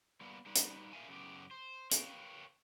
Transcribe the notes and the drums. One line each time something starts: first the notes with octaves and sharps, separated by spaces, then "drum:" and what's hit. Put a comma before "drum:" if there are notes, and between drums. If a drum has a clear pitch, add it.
G3 A#3 B3
G3 D#4 B4
drum: hi-hat
A#2 A#4 E5 F5 G#5
F#2 C#3 B3 G4
C5
A#4 B4 C#5 F5 G5, drum: hi-hat